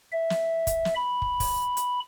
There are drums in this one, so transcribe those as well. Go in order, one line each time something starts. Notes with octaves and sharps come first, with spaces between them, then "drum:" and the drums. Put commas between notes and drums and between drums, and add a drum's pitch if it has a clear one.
E5
drum: snare
drum: kick, hi-hat
drum: snare
B5
drum: kick
drum: kick, open hi-hat
drum: hi-hat